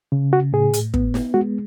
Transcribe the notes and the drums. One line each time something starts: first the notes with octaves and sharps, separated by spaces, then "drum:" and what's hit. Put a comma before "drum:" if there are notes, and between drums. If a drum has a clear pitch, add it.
C#3
F#4
A2 G#4
drum: hi-hat
B3, drum: kick
drum: snare
G#3 F#4